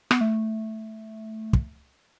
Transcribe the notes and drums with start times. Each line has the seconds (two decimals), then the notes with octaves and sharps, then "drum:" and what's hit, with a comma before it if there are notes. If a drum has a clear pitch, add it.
0.11 B3, drum: rim click
0.21 A3
1.53 drum: kick